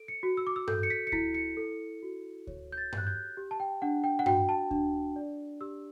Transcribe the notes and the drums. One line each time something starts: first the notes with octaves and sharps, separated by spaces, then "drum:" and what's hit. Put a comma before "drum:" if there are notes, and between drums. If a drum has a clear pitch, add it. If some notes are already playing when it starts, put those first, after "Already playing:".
Already playing: A4 D7
C#7
F#4
E6
D6
E6
A4 G6, drum: tom G2
C#7
B6
C#7
E4 B6, drum: kick D2
C#7
A4
F#4
C#5, drum: kick D2
G6
A6
G4, drum: tom G2
F#6
G6
G4
A5
G5
D4 F#5
G5
F#5
F#4 G5, drum: tom G2
A5
D4, drum: kick D2
D5
G4 E6